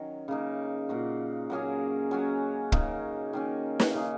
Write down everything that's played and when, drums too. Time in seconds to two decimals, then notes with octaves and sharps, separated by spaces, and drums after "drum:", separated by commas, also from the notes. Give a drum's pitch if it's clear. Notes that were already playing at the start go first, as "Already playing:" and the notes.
Already playing: D#3 F#3 C#4
0.28 C#3 A#3 D#4
0.89 A#2 A#3 F#4
1.50 F#3 A#3 C#4 G#4
2.11 F#3 C#4 F#4
2.72 C#3 A#3 D#4, drum: kick
3.33 D#3 A#3 C#4
3.80 drum: snare
3.94 C#3 A#3 D#4 G#4